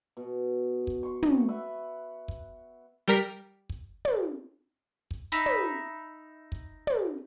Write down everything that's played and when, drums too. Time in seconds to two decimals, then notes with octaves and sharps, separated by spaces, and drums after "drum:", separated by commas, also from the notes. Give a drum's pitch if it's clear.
0.17 B2
0.87 drum: kick
1.03 C6 C#6
1.23 drum: tom
1.48 B4 E5 F#5
2.28 drum: kick
3.08 G3 A#4 B6
3.70 drum: kick
4.05 drum: tom
5.11 drum: kick
5.32 D#4 E5 B5
5.46 drum: tom
6.52 drum: kick
6.87 drum: tom